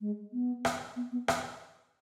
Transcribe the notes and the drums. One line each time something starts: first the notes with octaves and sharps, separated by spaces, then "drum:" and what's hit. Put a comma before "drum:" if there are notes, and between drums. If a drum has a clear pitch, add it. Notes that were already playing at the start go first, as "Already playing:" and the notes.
G#3
B3
drum: rim click
B3
B3
drum: rim click